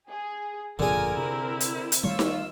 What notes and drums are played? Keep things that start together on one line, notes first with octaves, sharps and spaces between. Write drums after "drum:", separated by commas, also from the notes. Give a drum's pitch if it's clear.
G#4
G1 F2 A#2 D3 F4 G#4 A#4 G#5
C3 C4 E4
drum: hi-hat
drum: hi-hat
D#3 G3 A3 F4 C#5 E6
drum: snare D#4